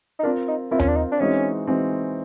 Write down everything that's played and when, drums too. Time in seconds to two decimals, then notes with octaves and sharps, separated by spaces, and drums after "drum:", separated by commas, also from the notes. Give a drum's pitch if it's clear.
0.19 D#4
0.23 C4 D4 F4 A#4
0.48 D#4
0.71 C4 E4 F4 A#4
0.79 C#4, drum: tom D#2
0.88 D4
0.96 D#4
1.12 D4
1.20 E3 G#3 C4 C#4 D#4 F#4
1.67 E3 G#3 C4 D#4 F#4